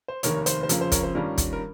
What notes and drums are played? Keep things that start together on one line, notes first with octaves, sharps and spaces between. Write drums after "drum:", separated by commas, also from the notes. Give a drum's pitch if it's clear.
C5
F1 D#2 D#3 A#4 C#5, drum: hi-hat
C5, drum: hi-hat
C5
F2 C#3 F3 A#4, drum: hi-hat
C5
A#4 C#5, drum: kick, hi-hat
C5
G2 D#3 G3 C#4 F4 A#4
drum: kick, hi-hat
A#4